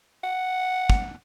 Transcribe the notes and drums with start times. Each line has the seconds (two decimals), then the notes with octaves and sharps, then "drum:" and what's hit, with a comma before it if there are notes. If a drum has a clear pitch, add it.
0.24 F#5
0.90 drum: kick